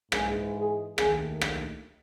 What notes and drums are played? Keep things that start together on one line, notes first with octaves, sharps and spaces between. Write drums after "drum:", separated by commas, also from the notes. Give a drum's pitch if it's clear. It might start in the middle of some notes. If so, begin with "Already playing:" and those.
G#2 E3 G#3 G#4, drum: rim click
G#4
D#2 D#3 A3 G#4, drum: rim click
drum: rim click